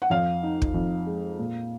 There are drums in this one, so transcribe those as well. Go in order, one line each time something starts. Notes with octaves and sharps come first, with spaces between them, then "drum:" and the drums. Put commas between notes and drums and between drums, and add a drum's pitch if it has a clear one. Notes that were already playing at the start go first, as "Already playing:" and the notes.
F#5
F2 F5
D#4
drum: kick
F2
G#3
A#2